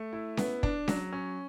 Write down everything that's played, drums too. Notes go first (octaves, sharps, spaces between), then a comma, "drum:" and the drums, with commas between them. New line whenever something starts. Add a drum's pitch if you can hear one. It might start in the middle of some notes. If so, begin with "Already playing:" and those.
Already playing: A3
E4
B3, drum: snare C#4
D4, drum: kick
F#3, drum: snare C#4
C#4